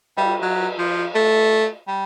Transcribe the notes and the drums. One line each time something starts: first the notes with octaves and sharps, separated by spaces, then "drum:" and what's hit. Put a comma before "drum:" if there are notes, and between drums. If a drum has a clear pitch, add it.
G3, drum: cymbal
F#3
F3
A3
G3